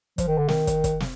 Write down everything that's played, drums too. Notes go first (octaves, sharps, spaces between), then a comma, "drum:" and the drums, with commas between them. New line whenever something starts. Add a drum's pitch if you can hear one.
F3, drum: kick, hi-hat
D#3
D3
D#3, drum: snare
drum: kick, hi-hat
drum: kick, hi-hat
drum: snare